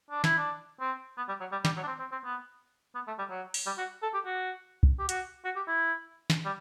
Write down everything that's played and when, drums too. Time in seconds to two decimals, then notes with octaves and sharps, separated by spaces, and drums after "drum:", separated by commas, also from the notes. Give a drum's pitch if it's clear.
0.10 D4
0.24 E4, drum: snare
0.38 D4
0.81 C4
1.18 B3
1.28 G3
1.40 F#3
1.52 G3
1.65 G3, drum: snare
1.77 F#3
1.83 D4
1.88 C4
1.99 C4
2.12 C4
2.24 B3
2.95 B3
3.07 A3
3.18 G3
3.30 F#3
3.54 drum: open hi-hat
3.66 G3
3.78 F#4
4.02 A4
4.14 G4
4.25 F#4
4.83 drum: kick
4.99 G4
5.09 F#4, drum: hi-hat
5.45 F#4
5.56 G4
5.68 E4
6.30 drum: snare
6.45 G3